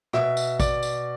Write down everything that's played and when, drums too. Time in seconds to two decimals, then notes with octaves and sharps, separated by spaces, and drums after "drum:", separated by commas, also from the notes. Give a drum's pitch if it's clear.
0.13 B2 E5, drum: rim click
0.37 drum: tambourine
0.60 D5, drum: kick, tambourine
0.83 drum: tambourine